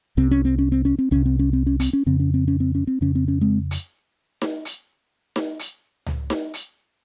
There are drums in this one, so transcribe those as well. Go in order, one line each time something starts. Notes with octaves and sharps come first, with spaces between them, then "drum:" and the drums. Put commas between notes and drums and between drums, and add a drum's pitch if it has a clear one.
C2 C3 C4
C#4
C4
C#4
C4
C#4
C4
C2 C3 C#4
C4
C#4
C4
C#4
C4, drum: hi-hat
C#4
F2 C#3 C4
C#4
C4
C#4
C4
C#4
C4
F2 C#3 C#4
C4
C#4
G#3 C4
drum: hi-hat
drum: snare D#4
drum: hi-hat
drum: snare D#4
drum: hi-hat
drum: tom C#2
drum: snare D#4
drum: hi-hat